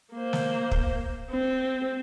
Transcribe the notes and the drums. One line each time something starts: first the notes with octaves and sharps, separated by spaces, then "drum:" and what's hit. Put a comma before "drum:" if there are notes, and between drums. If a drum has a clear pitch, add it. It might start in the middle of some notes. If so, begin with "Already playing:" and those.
A#3 C5
drum: snare
drum: kick
C4